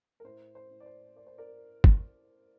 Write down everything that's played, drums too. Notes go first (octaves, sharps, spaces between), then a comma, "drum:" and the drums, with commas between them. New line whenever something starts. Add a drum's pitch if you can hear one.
A#4
A2 C5
C5
A2
D5
C5
A#3 D5
C5
A#4 D5
drum: kick